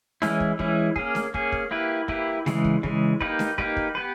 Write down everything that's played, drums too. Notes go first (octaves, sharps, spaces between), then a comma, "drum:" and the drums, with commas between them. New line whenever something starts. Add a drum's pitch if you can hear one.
E3 G#3 C#4 E4, drum: snare D4
drum: kick
E3 G#3 C#4 E4, drum: kick
A#3 C#4 G#4, drum: kick
drum: snare D4
A#3 C#4 G#4, drum: kick
drum: kick
A#3 E4 G4 B4
A#3 E4 G4 B4, drum: kick
C#3 E3 G#3, drum: snare D4
drum: kick
C#3 E3 G#3, drum: kick
A#3 D#4 G4 B4, drum: kick
drum: snare D4
A#3 D#4 G4 B4, drum: kick
drum: kick
B3 G4 B4